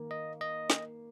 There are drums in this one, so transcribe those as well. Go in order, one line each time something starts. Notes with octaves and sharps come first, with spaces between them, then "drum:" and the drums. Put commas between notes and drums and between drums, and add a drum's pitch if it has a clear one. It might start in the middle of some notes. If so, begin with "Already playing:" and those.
Already playing: D#3 A#3
D#5
D#5
drum: snare